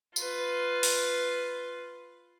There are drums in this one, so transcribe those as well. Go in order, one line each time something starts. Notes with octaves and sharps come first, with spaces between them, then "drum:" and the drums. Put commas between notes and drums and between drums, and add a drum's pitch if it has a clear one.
F4 B4, drum: tambourine
drum: open hi-hat